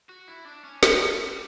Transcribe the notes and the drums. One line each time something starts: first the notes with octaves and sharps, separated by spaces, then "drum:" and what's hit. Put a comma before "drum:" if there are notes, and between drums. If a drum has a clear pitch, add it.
F#4
E4
D4
C#4
C#4, drum: snare
A3
G3